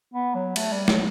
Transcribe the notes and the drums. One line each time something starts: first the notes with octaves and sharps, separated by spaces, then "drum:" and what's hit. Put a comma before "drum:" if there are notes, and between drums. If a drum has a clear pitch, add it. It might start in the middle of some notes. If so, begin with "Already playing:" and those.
B3
F#3
A3, drum: cymbal
G3
F#3, drum: snare